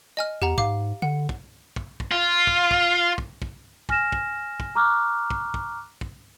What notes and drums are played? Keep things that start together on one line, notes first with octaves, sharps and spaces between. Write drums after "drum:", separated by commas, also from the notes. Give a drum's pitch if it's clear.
D#5 G#5 F6
E2 G4 F#5 A#5
G#2 F5 D6, drum: kick
D3 F#5
drum: kick
drum: kick
drum: kick
F4
drum: kick
drum: kick
drum: kick
drum: kick
G#5 F6 A#6 E7, drum: kick
drum: kick
drum: kick
A#5 C#6 D6 F6 F#6
drum: kick
drum: kick
drum: kick